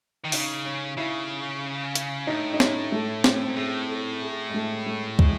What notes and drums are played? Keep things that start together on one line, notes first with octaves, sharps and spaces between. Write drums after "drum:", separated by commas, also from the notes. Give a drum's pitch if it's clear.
D#3
C#3 D#4, drum: open hi-hat
C#4
C#3 E4
drum: hi-hat
A2 D#4
D#4
C#4, drum: snare
A3
C4, drum: snare
C#4
C4
G#2
A2 G#4
A4
G#4
G#3
A3
A3
G#3, drum: kick